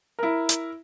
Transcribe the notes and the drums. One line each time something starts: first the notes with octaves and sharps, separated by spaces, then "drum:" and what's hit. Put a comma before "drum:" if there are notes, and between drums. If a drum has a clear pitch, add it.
E4 A#4
drum: hi-hat